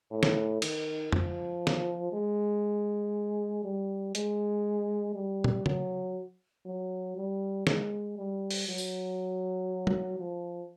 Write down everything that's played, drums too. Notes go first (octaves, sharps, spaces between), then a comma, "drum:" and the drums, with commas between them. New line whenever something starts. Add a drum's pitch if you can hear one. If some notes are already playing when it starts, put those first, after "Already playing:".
A2
drum: snare
D#3, drum: cymbal
F3, drum: tom
drum: snare
G#3
G3
G#3, drum: hi-hat
G3
drum: tom
F#3, drum: tom C#3
F#3
G3
G#3, drum: snare
G3
drum: open hi-hat
F#3
drum: tambourine
drum: tom
F3